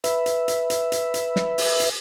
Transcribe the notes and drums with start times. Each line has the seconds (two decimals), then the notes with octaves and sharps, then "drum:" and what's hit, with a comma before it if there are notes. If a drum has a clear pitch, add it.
0.04 B4 E5, drum: hi-hat
0.26 drum: hi-hat
0.48 drum: hi-hat
0.70 drum: hi-hat
0.92 drum: hi-hat
1.14 drum: hi-hat
1.36 drum: snare
1.58 drum: open hi-hat
1.80 drum: hi-hat